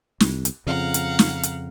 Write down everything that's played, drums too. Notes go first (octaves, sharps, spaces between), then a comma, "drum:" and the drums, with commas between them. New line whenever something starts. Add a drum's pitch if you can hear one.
C2, drum: snare
drum: hi-hat
F2 C#3 F5 F#5 A#5
drum: hi-hat
drum: snare
drum: hi-hat